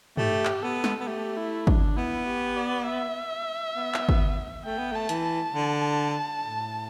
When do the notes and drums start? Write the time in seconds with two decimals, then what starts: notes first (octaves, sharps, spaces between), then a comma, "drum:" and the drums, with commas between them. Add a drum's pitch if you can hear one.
0.17 A3 G4, drum: tom
0.45 drum: clap
0.63 B3 A4
0.84 drum: snare
1.00 B3
1.07 A3 G4
1.37 E4
1.67 D4, drum: kick
1.97 B3 E4
2.27 G4
2.57 D5
2.86 E5
3.76 B3
3.94 drum: clap
4.09 drum: kick
4.65 A3 G5
4.78 B3
4.92 A3 A5
5.09 E3, drum: hi-hat
5.24 A5
5.55 D3
6.44 A2